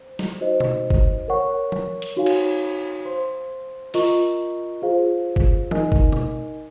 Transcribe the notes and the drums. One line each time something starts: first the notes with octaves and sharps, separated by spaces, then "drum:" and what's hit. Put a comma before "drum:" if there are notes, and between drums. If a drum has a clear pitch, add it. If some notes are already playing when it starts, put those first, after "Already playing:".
Already playing: C5
drum: snare
D#4 F#4 C5 D#5
drum: tom B2
drum: kick G1
A#4 C#5 F#5 C#6
drum: tom F3
drum: hi-hat
D#4 F#4 C#5 F5 G#5
drum: cymbal
C5 F5 C6
F4 A#4 D#5 A#5 C#6, drum: open hi-hat
F4 G#4 C5 F5
drum: kick G1
D#4 A#4 D#5 G#5, drum: tom E3
drum: kick G1
drum: tom B2